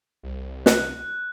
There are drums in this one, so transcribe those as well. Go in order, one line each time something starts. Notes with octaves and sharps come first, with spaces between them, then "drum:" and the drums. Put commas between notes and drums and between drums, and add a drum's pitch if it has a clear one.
C2
F#6, drum: snare